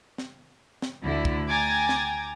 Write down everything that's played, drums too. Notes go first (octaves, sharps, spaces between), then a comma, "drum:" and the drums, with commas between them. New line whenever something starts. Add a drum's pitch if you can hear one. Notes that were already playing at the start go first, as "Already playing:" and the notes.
drum: snare
drum: snare
D2 D3 E4
drum: kick
G5 G#5 A#5 D6 G#6 A6
drum: snare